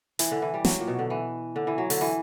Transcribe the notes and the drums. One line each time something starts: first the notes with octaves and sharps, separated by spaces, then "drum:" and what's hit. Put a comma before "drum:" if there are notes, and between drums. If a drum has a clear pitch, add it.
E3, drum: hi-hat
D3
E3
G3
F#3, drum: snare
A#2
B2
D3
E3
D3
E3
F#3
D3, drum: open hi-hat
E3